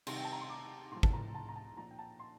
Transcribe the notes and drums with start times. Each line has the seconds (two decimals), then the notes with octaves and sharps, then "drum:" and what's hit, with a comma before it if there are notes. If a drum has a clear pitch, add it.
0.07 C3 D#3 G3 C6, drum: cymbal
0.16 G5
0.25 A5
0.32 A#5
0.41 C6
0.49 D6
0.91 A2 F3 C6
1.03 A5, drum: kick
1.13 A#5
1.35 A5
1.49 A#5
1.56 A5
1.77 A#2 F3 A#5
1.91 G5
1.99 A5
2.19 C6